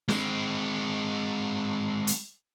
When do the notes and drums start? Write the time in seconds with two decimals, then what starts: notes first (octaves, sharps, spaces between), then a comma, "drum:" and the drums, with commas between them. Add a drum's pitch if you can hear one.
0.09 G#3 C4, drum: snare
2.07 drum: hi-hat